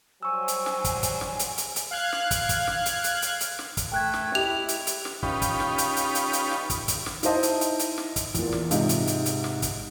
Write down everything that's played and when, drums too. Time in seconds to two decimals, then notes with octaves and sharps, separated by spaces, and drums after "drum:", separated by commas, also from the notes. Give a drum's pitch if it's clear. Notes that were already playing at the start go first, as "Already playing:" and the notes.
0.23 F#3 G3 C5 G#5 C#6 E6
0.48 drum: hi-hat
0.66 drum: snare
0.84 drum: kick, hi-hat
1.03 drum: kick, hi-hat
1.21 drum: snare
1.39 drum: hi-hat
1.58 drum: hi-hat
1.76 drum: hi-hat
1.91 F5 F#6 G#6
2.12 drum: snare
2.31 drum: kick, hi-hat
2.49 drum: kick, hi-hat
2.67 drum: snare
2.86 drum: hi-hat
3.04 drum: hi-hat
3.22 drum: hi-hat
3.40 drum: hi-hat
3.59 drum: snare
3.77 drum: kick, hi-hat
3.92 A3 G5 F#6 G#6
4.14 drum: snare
4.35 E4 G4 D#5 F7
4.68 drum: hi-hat
4.87 drum: hi-hat
5.05 drum: snare
5.23 C#4 D#4 F4 G4 B4, drum: kick
5.42 drum: kick, hi-hat
5.60 drum: snare
5.78 drum: hi-hat
5.96 drum: hi-hat
6.15 drum: hi-hat
6.33 drum: hi-hat
6.51 drum: snare
6.70 drum: kick, hi-hat
6.88 drum: kick, hi-hat
7.06 drum: snare
7.23 D#4 E4 C5 D#5 A5, drum: hi-hat
7.43 drum: hi-hat
7.61 drum: hi-hat
7.79 drum: hi-hat
7.98 drum: snare
8.16 drum: kick, hi-hat
8.34 E2 A#2, drum: kick, hi-hat
8.53 drum: snare
8.71 G#2 C3 D#5, drum: hi-hat
8.89 drum: hi-hat
9.07 drum: hi-hat
9.26 drum: hi-hat
9.44 drum: snare
9.62 drum: kick, hi-hat